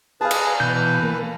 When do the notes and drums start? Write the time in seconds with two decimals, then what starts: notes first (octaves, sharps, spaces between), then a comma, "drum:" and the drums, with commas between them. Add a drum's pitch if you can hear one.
0.21 G#4 B4 F5 G#5 A5
0.31 drum: cymbal
0.60 B2 E3 B4 G6
1.03 A#3